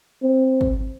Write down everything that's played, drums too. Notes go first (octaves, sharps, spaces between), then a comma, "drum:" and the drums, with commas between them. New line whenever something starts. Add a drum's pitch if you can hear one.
C4
drum: kick